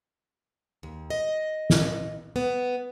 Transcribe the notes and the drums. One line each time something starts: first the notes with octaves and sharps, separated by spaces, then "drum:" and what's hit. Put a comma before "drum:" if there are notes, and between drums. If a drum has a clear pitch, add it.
D#2
D#5
drum: snare
B3